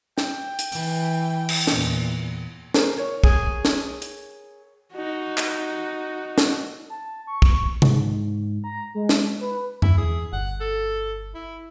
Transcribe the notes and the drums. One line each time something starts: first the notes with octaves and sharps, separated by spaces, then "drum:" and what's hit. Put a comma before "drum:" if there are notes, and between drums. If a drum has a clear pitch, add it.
G5, drum: snare
drum: hi-hat
E3, drum: open hi-hat
drum: cymbal
E2 A#2, drum: snare
G#4 A#4 C5, drum: snare
A#4 C#5
G#4, drum: kick
drum: snare
drum: hi-hat
D#4 F#4
drum: clap
drum: snare
A5
C#6
drum: kick
G#2, drum: tom
A#5
G#3
drum: snare
B4
E2 E4, drum: tom F#2
E2 G#4
G1 F#5
A4
E4